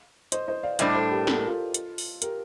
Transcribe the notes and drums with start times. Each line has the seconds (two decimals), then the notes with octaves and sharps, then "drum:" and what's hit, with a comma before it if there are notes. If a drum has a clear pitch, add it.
0.32 C5 D#5, drum: hi-hat
0.48 C5 D#5
0.63 D5 F5
0.79 A2 G3 D4 C5 D#5, drum: hi-hat
0.95 A4 C5
1.11 G4 A#4
1.27 A4, drum: snare
1.38 A#4
1.47 F4 A4
1.74 drum: hi-hat
1.98 drum: open hi-hat
2.22 G4 A#4, drum: hi-hat